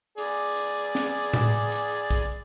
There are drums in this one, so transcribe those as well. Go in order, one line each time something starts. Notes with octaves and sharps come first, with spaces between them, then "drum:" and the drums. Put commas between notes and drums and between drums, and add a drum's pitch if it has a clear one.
G#4 D5, drum: hi-hat
drum: hi-hat
drum: snare
drum: tom A2
drum: hi-hat
drum: kick A#1, hi-hat